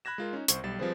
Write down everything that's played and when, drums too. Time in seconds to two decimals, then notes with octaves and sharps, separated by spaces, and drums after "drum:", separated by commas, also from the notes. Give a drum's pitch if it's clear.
0.05 B5 F#6 G#6 A#6 E7
0.18 G#3 F4 A#4
0.33 C#4 D#4
0.48 C2 C5 C#6, drum: hi-hat
0.63 B1 G3 A6 E7
0.79 F3 G3 C4 G#4 B4 C5